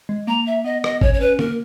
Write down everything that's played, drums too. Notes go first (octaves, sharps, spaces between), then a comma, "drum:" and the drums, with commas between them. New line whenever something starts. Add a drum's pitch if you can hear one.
G#3
A#3 A#5
E5
B3 D#5
D#5, drum: rim click
C#4 C#5, drum: kick G#1
C#5
C#4 B4
A#3 A#4, drum: tom C#3